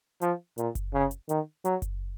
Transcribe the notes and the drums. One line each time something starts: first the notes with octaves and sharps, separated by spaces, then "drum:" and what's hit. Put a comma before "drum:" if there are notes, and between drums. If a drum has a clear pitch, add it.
F3, drum: hi-hat
A#2, drum: hi-hat
drum: kick F#1, hi-hat
C#3
drum: hi-hat
D#3, drum: hi-hat
F#3, drum: hi-hat
drum: kick F#1, hi-hat